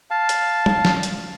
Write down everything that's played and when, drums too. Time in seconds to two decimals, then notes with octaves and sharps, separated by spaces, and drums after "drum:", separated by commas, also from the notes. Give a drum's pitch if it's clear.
0.11 F5 A5
0.29 drum: hi-hat
0.66 drum: tom
0.85 drum: snare
1.03 drum: hi-hat